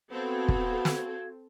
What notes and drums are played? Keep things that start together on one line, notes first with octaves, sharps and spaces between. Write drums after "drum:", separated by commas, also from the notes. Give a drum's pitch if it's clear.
B3 C4 F#4 A4 F5 G#6
drum: kick
drum: snare